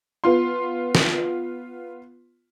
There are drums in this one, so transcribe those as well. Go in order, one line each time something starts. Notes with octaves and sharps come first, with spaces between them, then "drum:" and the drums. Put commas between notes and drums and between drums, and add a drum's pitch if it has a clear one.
B3 F4 C6
drum: snare